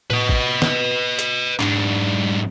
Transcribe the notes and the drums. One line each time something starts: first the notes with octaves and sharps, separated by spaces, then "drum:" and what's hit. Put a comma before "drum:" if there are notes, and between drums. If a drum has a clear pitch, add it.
B4 D#5, drum: tom A2
drum: kick
drum: snare
drum: hi-hat
G#2 D4, drum: clap